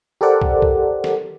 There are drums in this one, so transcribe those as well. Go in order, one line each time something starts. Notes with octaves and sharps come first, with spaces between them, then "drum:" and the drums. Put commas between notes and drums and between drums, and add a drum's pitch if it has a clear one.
G4 A4 A#4 C5 D5 F#5
drum: kick
drum: kick
drum: snare